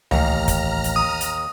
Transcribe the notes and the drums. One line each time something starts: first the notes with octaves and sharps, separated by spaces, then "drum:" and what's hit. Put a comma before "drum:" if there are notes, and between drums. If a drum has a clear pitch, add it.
A1 D#2 A#5 F6, drum: tom C#2
drum: kick, hi-hat
drum: hi-hat
D#6
drum: hi-hat